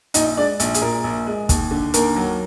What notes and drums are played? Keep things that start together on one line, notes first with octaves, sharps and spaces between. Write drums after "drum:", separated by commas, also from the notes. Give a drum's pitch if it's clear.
A#1 D#4 D#5, drum: hi-hat
G#3 D4 D5
A#1, drum: hi-hat
G#4, drum: hi-hat
A#2 A#3 A#4
A#1
G#3
D#2, drum: kick, hi-hat
D3
D#2 A#3 A#4, drum: hi-hat
F#3